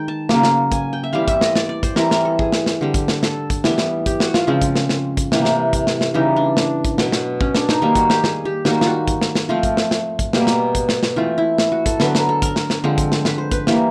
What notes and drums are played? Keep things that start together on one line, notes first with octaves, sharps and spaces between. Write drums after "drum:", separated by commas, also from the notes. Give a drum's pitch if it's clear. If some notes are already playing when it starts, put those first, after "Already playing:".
Already playing: D#3 G#3 G5
A5
C#3 F#3 A#3, drum: snare
drum: snare
G#5, drum: kick, hi-hat
G5
E5
E3 G3 C4 F5
E5, drum: kick, hi-hat
D#5, drum: snare
D5, drum: snare
D5
C5, drum: kick, hi-hat
E3 G3 C4 A#4, drum: snare
A#4, drum: snare
A4
G#4, drum: kick
drum: snare
drum: snare
D3 G3 C4
drum: kick, hi-hat
drum: snare
A4, drum: snare
drum: kick, hi-hat
E3 G3 B3, drum: snare
drum: snare
G4, drum: kick, hi-hat
F#4, drum: snare
F4, drum: snare
C#3 F3 G#3 C4
drum: kick, hi-hat
drum: snare
drum: snare
drum: kick, hi-hat
C3 E3 G3 A#3, drum: snare
drum: snare
drum: kick, hi-hat
drum: snare
drum: snare
C#3 E3 G3 D#4
D4
D4, drum: snare
drum: kick, hi-hat
B2 F#3 B3, drum: snare
drum: snare
C#4, drum: kick
D4, drum: snare
D#4, drum: snare
D#3 G3 A#3
F#4, drum: kick, hi-hat
G4, drum: snare
G#4, drum: snare
G4
D#3 G3 A#3 F#4, drum: snare
F4, drum: snare
F#4
drum: kick, hi-hat
drum: snare
drum: snare
F3 A3 C4 F4
drum: kick, hi-hat
drum: snare
drum: snare
drum: kick, hi-hat
B2 G3 A#3, drum: snare
drum: snare
drum: kick, hi-hat
drum: snare
drum: snare
E3 A3 C4 F4
E4
drum: snare
F#4
A4, drum: kick, hi-hat
D3 F#3 B3 B4, drum: snare
A#4, drum: snare
A4
A#4, drum: kick, hi-hat
drum: snare
drum: snare
D3 F3 G#3 C4
drum: kick, hi-hat
drum: snare
B4, drum: snare
C5
B4, drum: kick, hi-hat
E3 G3 A#3, drum: snare